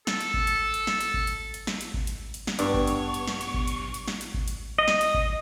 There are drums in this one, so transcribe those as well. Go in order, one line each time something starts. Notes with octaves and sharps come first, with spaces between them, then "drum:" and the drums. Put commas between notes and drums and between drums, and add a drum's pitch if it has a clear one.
A4, drum: snare
drum: hi-hat
drum: kick G#1
drum: hi-hat
drum: hi-hat
drum: snare
drum: hi-hat
drum: kick G#1
drum: hi-hat
drum: hi-hat
drum: snare
drum: hi-hat
drum: kick G#1
drum: hi-hat
drum: hi-hat
drum: snare
B1 G2 B3 D4 C#5, drum: hi-hat
drum: kick G#1
drum: hi-hat
drum: hi-hat
drum: snare
drum: hi-hat
drum: kick G#1
drum: hi-hat
drum: hi-hat
drum: snare
drum: hi-hat
drum: kick G#1
drum: hi-hat
D#5
drum: snare
drum: hi-hat
drum: kick G#1